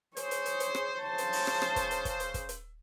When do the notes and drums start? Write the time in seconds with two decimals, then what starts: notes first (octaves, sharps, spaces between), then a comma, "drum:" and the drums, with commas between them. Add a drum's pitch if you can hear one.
0.17 G#4 C5 C#5, drum: hi-hat
0.31 drum: hi-hat
0.46 drum: hi-hat
0.60 drum: hi-hat
0.75 drum: rim click
1.00 C#3 C5 C#5 A5
1.18 drum: hi-hat
1.33 drum: open hi-hat
1.47 drum: rim click
1.62 drum: rim click
1.76 drum: kick, hi-hat
1.91 drum: hi-hat
2.05 drum: kick, hi-hat
2.20 drum: hi-hat
2.34 drum: kick, hi-hat
2.49 drum: hi-hat